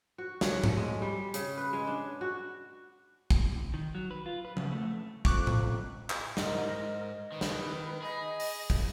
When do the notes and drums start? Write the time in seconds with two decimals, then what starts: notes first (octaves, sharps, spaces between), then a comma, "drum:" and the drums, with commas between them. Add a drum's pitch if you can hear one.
0.18 F#4
0.41 F#3, drum: snare
0.64 A3, drum: tom G#2
0.77 G#3
1.02 G3
1.34 C#3, drum: hi-hat
1.57 B4
1.73 G#3
1.87 D4
2.21 F#4
3.31 drum: kick
3.74 D#3
3.95 F#3
4.11 B4
4.26 F4
4.45 B4
4.57 C#3, drum: tom
4.72 A3
5.25 F2 C#6 D6 F#6, drum: kick
5.47 drum: tom A2
6.10 drum: clap
6.37 G#2 A#4 D#5, drum: snare
7.32 D#3 B4
7.41 drum: snare
8.02 G#4 D#5 B5
8.40 drum: open hi-hat
8.70 drum: kick